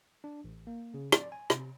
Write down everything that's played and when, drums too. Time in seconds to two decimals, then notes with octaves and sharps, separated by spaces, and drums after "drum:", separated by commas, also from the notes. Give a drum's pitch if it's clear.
0.24 D4
0.44 A1
0.67 A#3
0.94 C#3
1.12 D5, drum: rim click
1.32 G#5
1.50 C3, drum: rim click